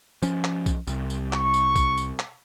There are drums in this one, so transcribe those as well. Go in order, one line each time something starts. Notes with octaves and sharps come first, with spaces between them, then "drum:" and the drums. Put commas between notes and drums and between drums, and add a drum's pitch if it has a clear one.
F3 C#4, drum: tambourine
drum: clap
drum: kick B1, tambourine
C2, drum: tambourine
drum: tambourine
C#6, drum: clap
drum: tambourine
drum: kick B1, tambourine
drum: tambourine
drum: clap